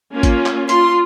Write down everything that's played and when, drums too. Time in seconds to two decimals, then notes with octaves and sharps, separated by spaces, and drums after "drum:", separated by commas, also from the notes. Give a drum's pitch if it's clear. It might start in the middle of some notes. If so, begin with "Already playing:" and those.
0.12 A#3 C#4 F4
0.23 drum: kick, hi-hat
0.46 drum: clap
0.69 F4 C6, drum: hi-hat